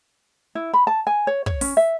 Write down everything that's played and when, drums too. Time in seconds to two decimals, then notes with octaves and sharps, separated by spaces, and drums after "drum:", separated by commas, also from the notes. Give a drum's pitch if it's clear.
0.55 E4
0.73 B5
0.87 A5
1.07 G#5
1.27 C#5
1.46 C#5, drum: kick
1.61 C#4, drum: open hi-hat
1.77 E5